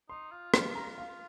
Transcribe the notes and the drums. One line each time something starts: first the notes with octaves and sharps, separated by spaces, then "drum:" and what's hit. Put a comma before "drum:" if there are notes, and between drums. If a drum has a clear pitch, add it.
D#4 C6
F4
F4, drum: rim click
F4 A#5
F5